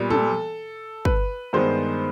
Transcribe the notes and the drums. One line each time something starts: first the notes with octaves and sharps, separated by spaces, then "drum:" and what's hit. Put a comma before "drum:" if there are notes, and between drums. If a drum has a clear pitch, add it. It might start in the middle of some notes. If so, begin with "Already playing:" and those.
Already playing: A#2 G3 B3
A4, drum: tom
B4, drum: kick
G2 D#3 G#3 B3 C5